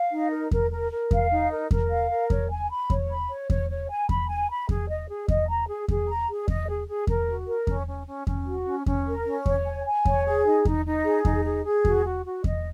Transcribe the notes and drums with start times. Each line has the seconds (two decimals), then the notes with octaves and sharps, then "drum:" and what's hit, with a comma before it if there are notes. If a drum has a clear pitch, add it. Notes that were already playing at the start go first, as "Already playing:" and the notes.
Already playing: F5
0.11 D#4
0.31 A#4
0.51 A#4, drum: kick E2
0.71 A#4
0.91 A#4
1.11 F5, drum: kick E2
1.31 D#4
1.51 A#4
1.71 A#4, drum: kick E2
1.90 F5
2.10 A#4
2.30 C#5, drum: kick E2
2.50 G#5
2.70 B5
2.90 C#5, drum: kick E2
3.09 B5
3.30 C#5
3.50 C#5, drum: kick E2
3.69 C#5
3.89 G#5
4.09 B5, drum: kick E2
4.29 G#5
4.49 B5
4.69 G#4, drum: kick E2
4.89 D#5
5.08 G#4
5.28 D#5, drum: kick E2
5.48 A#5
5.68 G#4
5.88 G#4, drum: kick E2
6.08 A#5
6.28 G#4
6.48 D#5, drum: kick E2
6.67 G#4
6.87 G#4
7.07 A#4, drum: kick E2
7.28 F#4
7.47 A#4
7.67 C#4, drum: kick E2
7.87 C#4
8.07 C#4
8.27 C#4, drum: kick E2
8.46 F#4
8.66 C#4
8.86 C#4, drum: kick E2
9.06 A#4
9.26 C#4
9.46 C#5, drum: kick E2
9.66 G#5
9.86 G#5
10.05 C#5, drum: kick E2
10.25 G#4
10.45 D#4
10.65 D#4, drum: kick E2
10.85 D#4
11.05 G#4
11.25 D#4, drum: kick E2
11.44 G#4
11.64 G#4
11.85 F#4, drum: kick E2
12.04 F#4
12.25 F#4
12.44 D#5, drum: kick E2